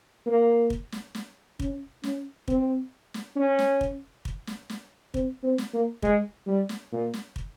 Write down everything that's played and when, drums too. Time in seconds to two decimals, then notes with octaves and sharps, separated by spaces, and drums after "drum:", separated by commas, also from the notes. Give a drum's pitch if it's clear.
0.26 A#3
0.70 drum: kick
0.92 drum: snare
1.15 drum: snare
1.60 C#4, drum: kick
2.03 C#4, drum: snare
2.48 C4, drum: kick
3.14 drum: snare
3.36 C#4
3.59 drum: snare
3.81 drum: kick
4.25 drum: kick
4.47 drum: snare
4.70 drum: snare
5.14 C4, drum: kick
5.43 C4
5.58 drum: snare
5.73 A#3
6.02 G#3, drum: kick
6.47 G3
6.69 drum: snare
6.92 A#2
7.14 drum: snare
7.36 drum: kick